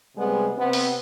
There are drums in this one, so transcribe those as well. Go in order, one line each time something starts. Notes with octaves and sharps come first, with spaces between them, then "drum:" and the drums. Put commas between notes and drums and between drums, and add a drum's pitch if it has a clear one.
C3 G3 G#3 B3 G#4
C3 B3 C4
drum: open hi-hat